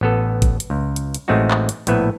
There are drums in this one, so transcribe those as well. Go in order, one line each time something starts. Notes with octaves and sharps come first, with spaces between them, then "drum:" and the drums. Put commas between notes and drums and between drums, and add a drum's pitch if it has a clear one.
A1 B3 A4
drum: kick G#1, hi-hat
drum: hi-hat
C#2
drum: hi-hat
drum: hi-hat
A1 G#3 A3 C4 D#4 F#4
drum: clap
drum: hi-hat
A#1 A2 B3 B4 E5, drum: hi-hat